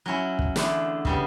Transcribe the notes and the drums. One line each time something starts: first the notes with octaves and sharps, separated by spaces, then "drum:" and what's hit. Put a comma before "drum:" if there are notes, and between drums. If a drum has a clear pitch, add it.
F#3 C#4 E4
drum: kick
E2 D3 A3 E4, drum: snare
C#3 G3 B3, drum: kick